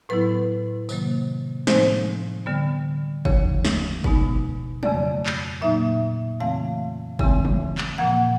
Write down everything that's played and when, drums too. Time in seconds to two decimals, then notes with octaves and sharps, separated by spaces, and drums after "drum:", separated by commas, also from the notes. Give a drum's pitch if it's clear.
0.09 A2 F#3 B3 E4 B4
0.89 C3 D#3 F#3 A#3, drum: tambourine
1.67 A2 F3 G#3 C4 D#4 C5, drum: snare
2.46 D3 G3 B3
3.25 D#2 C#3 F3 C#5, drum: kick
3.65 drum: snare
4.04 B2 G#3 B3 D#4, drum: kick
4.83 F2 C#3 F#3 A3 D5, drum: tom
5.26 drum: clap
5.61 A#2 F#3 A#3 D#4 E5
6.40 F2 C#3 E3 A3 C4 F5
7.19 E2 C#3 E3 G#3 C4, drum: kick
7.45 drum: tom
7.78 drum: clap
7.98 A#2 F3 A#3 F#5